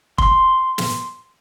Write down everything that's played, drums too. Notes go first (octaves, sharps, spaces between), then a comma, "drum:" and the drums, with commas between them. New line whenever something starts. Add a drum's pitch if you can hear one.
C6, drum: kick
drum: snare